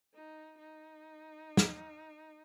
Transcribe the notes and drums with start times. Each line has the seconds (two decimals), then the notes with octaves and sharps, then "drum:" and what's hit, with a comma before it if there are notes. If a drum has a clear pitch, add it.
0.14 D#4
0.58 D#4
1.57 drum: snare